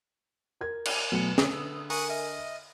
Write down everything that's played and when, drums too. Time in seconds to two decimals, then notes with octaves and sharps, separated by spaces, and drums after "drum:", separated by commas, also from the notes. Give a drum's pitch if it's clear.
0.61 A#4 G#6
0.85 drum: cymbal
1.12 B2 F#3 A3 B4 G#5 C#7
1.38 D3 D#6 E6, drum: snare
1.90 A#4 G#5 A#5 C#6 D#6 F#6, drum: open hi-hat
2.09 D#5 E5 F6